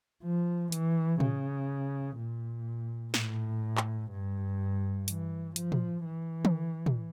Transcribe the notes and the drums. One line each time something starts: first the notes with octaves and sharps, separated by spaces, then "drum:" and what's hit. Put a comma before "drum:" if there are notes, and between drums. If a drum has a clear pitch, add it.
F3
E3, drum: hi-hat
C#3, drum: tom
A#2
A2, drum: snare
drum: clap
G2
E3, drum: hi-hat
F3, drum: hi-hat
drum: tom
E3
drum: tom
drum: tom